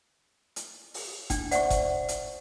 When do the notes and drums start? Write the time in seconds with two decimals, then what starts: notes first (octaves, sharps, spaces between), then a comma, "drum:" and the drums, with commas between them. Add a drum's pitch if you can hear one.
0.56 drum: hi-hat
0.94 drum: open hi-hat
1.30 D4 G5, drum: kick F#1, hi-hat
1.51 C5 D5 E5 F#5 C#6, drum: hi-hat
1.70 drum: kick F#1, hi-hat
2.08 drum: hi-hat